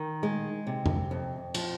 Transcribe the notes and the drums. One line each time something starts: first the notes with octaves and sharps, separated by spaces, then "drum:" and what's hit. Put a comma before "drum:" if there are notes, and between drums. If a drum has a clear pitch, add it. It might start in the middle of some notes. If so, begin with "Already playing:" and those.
Already playing: D#3
G#3
C3
drum: tom F2
F2
F3, drum: cymbal